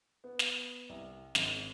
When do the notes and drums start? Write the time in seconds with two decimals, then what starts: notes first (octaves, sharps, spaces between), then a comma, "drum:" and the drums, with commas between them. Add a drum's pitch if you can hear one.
0.24 B3
0.39 drum: snare
0.89 C2
1.35 G#1, drum: snare